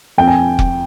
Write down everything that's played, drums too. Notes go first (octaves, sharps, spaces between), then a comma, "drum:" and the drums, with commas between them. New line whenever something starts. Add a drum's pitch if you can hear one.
F2 G5
G#5
drum: kick F1